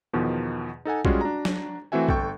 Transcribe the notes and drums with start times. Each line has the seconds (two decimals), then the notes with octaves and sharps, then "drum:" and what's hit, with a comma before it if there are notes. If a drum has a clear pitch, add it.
0.13 E2 B2 D#3 F3
0.85 D#4 A4 F#5 G#5
1.05 G3 G#3 C#4 F4 F#4 G#4, drum: kick
1.21 D4 F#4 A#5
1.45 drum: snare
1.92 E3 A3 C4 F#4 E5 G#5
2.08 G1 A4 G5 C#6, drum: kick